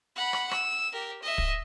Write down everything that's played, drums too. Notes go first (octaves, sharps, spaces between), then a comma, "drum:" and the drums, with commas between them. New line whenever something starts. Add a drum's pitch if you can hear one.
F#5 B5
drum: rim click
E6, drum: rim click
G4 A#4
D#5 E5
drum: kick